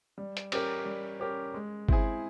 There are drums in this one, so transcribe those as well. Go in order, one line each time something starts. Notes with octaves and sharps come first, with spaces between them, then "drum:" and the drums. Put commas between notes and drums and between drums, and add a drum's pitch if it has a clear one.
G3
drum: hi-hat
C#4 G4 A#4, drum: cymbal
G3
C#4 G4 A#4
G#3
C4 E4 G#4, drum: kick G1